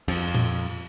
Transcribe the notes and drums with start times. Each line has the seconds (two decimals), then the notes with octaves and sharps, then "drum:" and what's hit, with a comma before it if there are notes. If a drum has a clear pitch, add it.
0.08 F2, drum: cymbal
0.34 drum: tom A#2